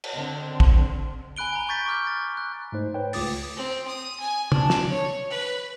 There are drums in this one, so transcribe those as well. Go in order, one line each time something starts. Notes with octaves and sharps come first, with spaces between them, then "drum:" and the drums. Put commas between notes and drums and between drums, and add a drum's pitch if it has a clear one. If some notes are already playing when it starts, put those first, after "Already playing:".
drum: cymbal
D3 C4
drum: kick
G#5 B5 F#6 D7 G7
G#5 A#5
C#6 G6 A6 B6 D7
C#6 D6 F6 G6
A6
F#6
G#2 A3 D#4 C5
B4 C#5 G5
C#2 A3 F4 D6 D#6 A6, drum: open hi-hat
C4
D#6
G#5
D4, drum: tom
drum: snare
C#5
B4